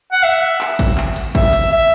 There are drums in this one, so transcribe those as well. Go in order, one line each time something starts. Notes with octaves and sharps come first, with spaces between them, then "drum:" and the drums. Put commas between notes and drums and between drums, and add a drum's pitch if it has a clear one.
F#5
E5
drum: clap
drum: kick G#1, hi-hat
drum: clap
drum: hi-hat
E5, drum: kick G#1, hi-hat
drum: hi-hat
E5